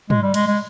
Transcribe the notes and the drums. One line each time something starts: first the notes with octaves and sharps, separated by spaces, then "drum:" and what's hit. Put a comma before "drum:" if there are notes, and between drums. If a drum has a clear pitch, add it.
G#3, drum: tom
G3
G#3, drum: cymbal
G#3